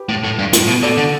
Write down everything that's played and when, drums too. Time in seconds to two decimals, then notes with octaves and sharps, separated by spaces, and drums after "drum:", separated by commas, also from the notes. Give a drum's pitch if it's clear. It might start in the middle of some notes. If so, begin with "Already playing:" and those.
Already playing: G4 B4
0.09 A2
0.24 A2
0.39 G2
0.53 A2, drum: hi-hat
0.68 B2
0.83 B2 A4 D5
0.97 D3